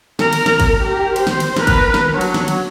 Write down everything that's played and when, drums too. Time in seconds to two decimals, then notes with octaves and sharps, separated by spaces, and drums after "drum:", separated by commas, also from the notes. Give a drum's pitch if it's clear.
0.19 A#4, drum: snare
0.33 drum: cymbal
0.46 drum: snare
0.60 drum: kick, cymbal
0.81 G4 A#4
1.16 C5, drum: cymbal
1.27 drum: snare
1.40 drum: cymbal
1.57 A#4 B4, drum: snare
1.67 drum: kick, cymbal
1.94 drum: snare
2.11 F#3 D4
2.21 drum: cymbal
2.34 drum: snare
2.48 drum: cymbal